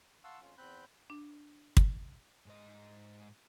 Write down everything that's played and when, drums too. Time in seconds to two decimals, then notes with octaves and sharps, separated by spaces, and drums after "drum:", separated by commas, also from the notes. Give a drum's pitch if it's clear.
0.24 F5 F#5 A5 C6 C#6 E6
0.41 F2 C#4 F4
0.58 E2 C4 B5 F#6 G6
1.10 D4
1.77 drum: kick
2.46 G#2 D#5